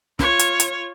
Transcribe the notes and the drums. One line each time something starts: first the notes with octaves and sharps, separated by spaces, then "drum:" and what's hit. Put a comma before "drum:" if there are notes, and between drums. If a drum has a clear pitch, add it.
F4 C#5, drum: snare
drum: hi-hat
drum: hi-hat